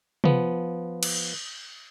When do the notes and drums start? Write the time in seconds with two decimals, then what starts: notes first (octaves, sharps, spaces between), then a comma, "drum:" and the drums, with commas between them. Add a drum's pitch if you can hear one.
0.24 F3 B3, drum: tom C3
1.03 drum: cymbal